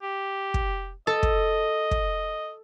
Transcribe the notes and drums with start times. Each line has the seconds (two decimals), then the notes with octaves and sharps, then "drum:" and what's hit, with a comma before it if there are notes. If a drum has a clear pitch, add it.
0.03 G4
0.54 drum: kick
1.07 A4 D#5
1.23 drum: kick
1.91 drum: kick